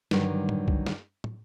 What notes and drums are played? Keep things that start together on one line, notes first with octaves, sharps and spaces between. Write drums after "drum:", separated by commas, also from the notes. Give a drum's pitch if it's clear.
G2 D3 D#3 F#3 G3, drum: snare
drum: tom
drum: kick C2
drum: snare
drum: tom